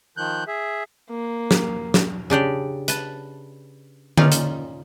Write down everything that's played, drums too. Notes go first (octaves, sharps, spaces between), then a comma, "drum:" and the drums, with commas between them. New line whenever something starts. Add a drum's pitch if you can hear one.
D#3 F3 F#6 G6
G#4 E5
A#3
drum: snare
drum: snare
C#3 D4 G4 D5
B4 A5, drum: hi-hat
C#4 D#4 F4 D5 F5, drum: tom D3
drum: hi-hat